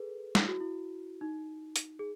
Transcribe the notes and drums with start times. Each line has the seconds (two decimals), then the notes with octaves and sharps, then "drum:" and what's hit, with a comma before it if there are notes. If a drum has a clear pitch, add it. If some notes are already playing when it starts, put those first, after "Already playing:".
Already playing: G#4 A4 B4
0.35 E4, drum: snare
0.48 F#4
0.60 E4
1.21 D#4
1.76 drum: hi-hat
1.99 G#4